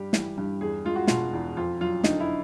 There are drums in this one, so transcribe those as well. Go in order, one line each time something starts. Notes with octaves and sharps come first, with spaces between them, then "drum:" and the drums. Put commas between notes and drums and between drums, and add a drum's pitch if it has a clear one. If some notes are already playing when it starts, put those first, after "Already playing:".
Already playing: G2 G3 G4
E3, drum: snare
G2
E2 G#4
G#3 F4
F#4
B2 F4, drum: snare
E2
F2 F4
F#3 F4
D3 D#4, drum: snare
E4